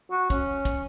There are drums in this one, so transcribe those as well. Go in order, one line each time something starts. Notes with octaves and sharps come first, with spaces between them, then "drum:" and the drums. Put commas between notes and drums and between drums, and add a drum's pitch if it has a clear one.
F#4
C#4, drum: kick, hi-hat
drum: kick, hi-hat